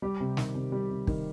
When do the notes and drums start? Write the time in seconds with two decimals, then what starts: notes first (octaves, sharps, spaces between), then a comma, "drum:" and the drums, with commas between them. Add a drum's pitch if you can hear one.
0.02 G3 G4
0.20 C3
0.37 D#3, drum: snare
0.55 C3
0.72 G3
0.90 C3
1.07 D#3, drum: kick